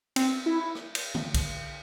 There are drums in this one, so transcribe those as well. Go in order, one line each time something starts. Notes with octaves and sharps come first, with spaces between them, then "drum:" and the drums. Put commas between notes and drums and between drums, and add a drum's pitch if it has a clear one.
C4, drum: cymbal
E4
E4
drum: rim click
drum: cymbal
drum: tom D3
drum: kick B1, cymbal